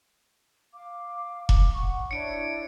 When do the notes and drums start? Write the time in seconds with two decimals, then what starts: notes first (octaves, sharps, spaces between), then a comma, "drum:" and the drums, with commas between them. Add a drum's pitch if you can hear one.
0.73 F5 D6
1.49 drum: kick E1
1.73 F#5 C#6
2.11 D4 E4 C#5 C#7 D7